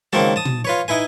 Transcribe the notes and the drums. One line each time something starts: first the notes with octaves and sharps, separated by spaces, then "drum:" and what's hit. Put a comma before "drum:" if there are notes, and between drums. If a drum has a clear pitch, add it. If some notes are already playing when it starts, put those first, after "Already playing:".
C#2 D#3 A#3 C4 F#4 A5, drum: snare
A5 D#6
drum: tom
F4 B4 C#5
D#4 E4 B4 G#5